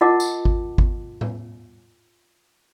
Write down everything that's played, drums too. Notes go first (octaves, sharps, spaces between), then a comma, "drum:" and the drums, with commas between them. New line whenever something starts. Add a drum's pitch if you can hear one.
F4 A#4 D#5 F#5 A5 D6
drum: tambourine
drum: kick G#1
drum: kick G#1
drum: tom A2